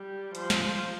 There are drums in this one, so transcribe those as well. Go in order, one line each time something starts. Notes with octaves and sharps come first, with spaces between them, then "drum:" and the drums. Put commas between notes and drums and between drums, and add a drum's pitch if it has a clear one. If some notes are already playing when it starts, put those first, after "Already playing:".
Already playing: G3
F3, drum: hi-hat
drum: snare